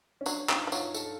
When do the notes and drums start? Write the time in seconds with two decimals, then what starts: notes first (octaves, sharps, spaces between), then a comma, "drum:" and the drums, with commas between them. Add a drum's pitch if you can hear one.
0.21 C#4
0.26 F#3 D4, drum: tambourine
0.49 F3 D#4, drum: clap
0.67 F3
0.72 F#3 F4, drum: tambourine
0.94 A4, drum: tambourine